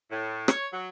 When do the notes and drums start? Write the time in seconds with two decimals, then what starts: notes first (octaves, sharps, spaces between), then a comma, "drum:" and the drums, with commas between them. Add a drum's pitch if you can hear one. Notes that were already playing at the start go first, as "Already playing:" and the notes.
0.11 A2
0.48 C#5, drum: rim click
0.72 F#3